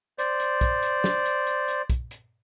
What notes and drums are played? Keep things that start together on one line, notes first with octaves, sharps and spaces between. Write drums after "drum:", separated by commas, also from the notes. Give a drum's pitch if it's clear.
C5 D5, drum: hi-hat
drum: hi-hat
drum: kick, hi-hat
drum: hi-hat
drum: snare
drum: hi-hat
drum: hi-hat
drum: hi-hat
drum: kick, hi-hat
drum: hi-hat